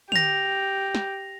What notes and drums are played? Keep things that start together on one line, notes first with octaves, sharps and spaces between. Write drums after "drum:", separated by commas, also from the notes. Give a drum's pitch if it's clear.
G4 A#6 F7, drum: tom
drum: snare